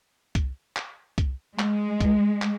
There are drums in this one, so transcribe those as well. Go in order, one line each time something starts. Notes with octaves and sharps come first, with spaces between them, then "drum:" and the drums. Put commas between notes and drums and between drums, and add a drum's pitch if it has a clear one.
drum: kick C2, hi-hat
drum: clap
drum: kick C2, hi-hat
G#3, drum: clap
drum: kick C2, hi-hat
drum: clap